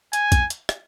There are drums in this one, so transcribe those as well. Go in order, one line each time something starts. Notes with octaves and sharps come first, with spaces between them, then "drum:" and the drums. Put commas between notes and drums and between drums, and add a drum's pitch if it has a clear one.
G#5, drum: hi-hat
drum: kick, hi-hat
drum: hi-hat
drum: rim click